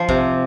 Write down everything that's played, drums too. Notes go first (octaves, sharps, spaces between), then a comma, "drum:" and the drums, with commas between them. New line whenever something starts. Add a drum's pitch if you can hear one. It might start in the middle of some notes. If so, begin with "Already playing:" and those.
Already playing: F3
C3, drum: kick